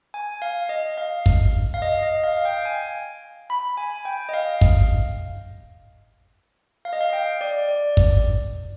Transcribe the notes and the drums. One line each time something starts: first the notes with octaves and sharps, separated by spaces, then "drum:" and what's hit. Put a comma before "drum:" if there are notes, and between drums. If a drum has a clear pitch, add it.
G#5
F5
D#5
F5
drum: kick
F5
D#5
D#5
F5
F5
G5
G#5
B5
G#5
G5
D#5
F5
drum: kick
F5
D#5
F5
G5
D5
D5
drum: kick